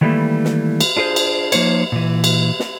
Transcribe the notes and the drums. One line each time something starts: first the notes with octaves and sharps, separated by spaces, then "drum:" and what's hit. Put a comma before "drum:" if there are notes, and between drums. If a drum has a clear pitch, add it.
D#3 E3 G3 A3 A#3 E4
drum: snare
drum: cymbal
D4 F4 G#4 A#4 C5
drum: cymbal
F3 A#3 D#4 C5 C#5, drum: cymbal
A#2 E3
drum: cymbal
drum: snare